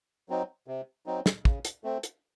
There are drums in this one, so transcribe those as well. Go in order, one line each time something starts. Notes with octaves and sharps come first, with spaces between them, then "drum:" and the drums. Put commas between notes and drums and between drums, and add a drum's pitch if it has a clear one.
F#3 C4 D#4
C3
F#3 C4 D#4
drum: snare
C#3, drum: kick
drum: hi-hat
A3 C4
drum: hi-hat